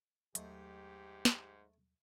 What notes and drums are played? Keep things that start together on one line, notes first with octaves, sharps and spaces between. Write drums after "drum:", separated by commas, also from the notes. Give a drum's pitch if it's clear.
D#2 G#2 F#3 A3 D#4 G4, drum: hi-hat
drum: snare